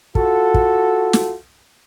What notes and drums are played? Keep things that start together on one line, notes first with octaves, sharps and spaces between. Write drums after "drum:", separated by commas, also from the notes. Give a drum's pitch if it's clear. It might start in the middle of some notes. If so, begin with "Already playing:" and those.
F4 F#4 A4, drum: kick
drum: kick
drum: snare